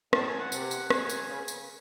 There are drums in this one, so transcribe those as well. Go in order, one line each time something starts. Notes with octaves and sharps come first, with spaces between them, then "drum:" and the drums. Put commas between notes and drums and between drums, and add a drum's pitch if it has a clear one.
A2 A5, drum: rim click
G#5
F#5
C3, drum: tambourine
drum: tambourine
G#5, drum: rim click
drum: tambourine
C#3
drum: tambourine